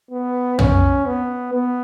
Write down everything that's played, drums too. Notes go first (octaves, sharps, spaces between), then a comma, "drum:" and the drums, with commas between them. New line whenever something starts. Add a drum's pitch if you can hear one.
B3
C#4, drum: tom
B3
B3